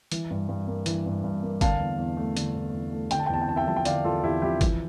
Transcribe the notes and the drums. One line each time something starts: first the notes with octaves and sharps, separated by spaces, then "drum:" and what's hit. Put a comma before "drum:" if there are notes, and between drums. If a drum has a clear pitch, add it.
E3, drum: hi-hat
G2
G2
A#3
E3, drum: hi-hat
G2
G2
A#3
D3 F5 A5, drum: kick, hi-hat
E2
E2
A3
D3, drum: hi-hat
E2
E2
A3
D3 G5, drum: hi-hat
A5
G5
E2 A5
G5
E2 A5
E5 G5
F3 A5
G5
D3 D5 F5, drum: hi-hat
E2 F4 A4
E2 E4 G4
F3 E4 G4
E3, drum: kick, hi-hat